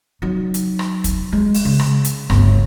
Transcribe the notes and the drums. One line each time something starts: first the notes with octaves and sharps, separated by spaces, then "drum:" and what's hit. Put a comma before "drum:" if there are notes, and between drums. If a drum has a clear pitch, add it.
F#3 D#4
drum: hi-hat
drum: rim click
drum: kick, hi-hat
G#3
drum: open hi-hat
C#3
drum: rim click
drum: hi-hat
G1 D2, drum: rim click